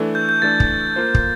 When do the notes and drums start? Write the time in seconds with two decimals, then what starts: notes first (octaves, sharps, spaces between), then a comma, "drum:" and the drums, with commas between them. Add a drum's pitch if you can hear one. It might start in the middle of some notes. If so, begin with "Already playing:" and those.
Already playing: E3 A3 D4 A4
0.15 G6
0.29 G6
0.42 E3 A3 D4 A4 A6
0.60 drum: kick
0.96 A#3 F4 C5
1.15 drum: kick